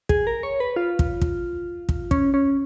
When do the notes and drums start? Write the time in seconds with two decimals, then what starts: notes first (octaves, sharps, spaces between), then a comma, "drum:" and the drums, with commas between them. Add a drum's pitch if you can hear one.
0.09 G#4, drum: kick
0.27 A#4
0.43 C#5
0.60 B4
0.76 F4
0.99 drum: kick
1.21 drum: kick
1.89 drum: kick
2.11 C#4, drum: kick
2.34 C#4